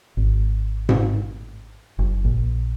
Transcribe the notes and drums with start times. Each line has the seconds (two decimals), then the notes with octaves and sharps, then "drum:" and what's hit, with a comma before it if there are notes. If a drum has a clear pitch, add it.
0.17 G#1
0.89 drum: tom G#2
1.98 F#1
2.24 A#1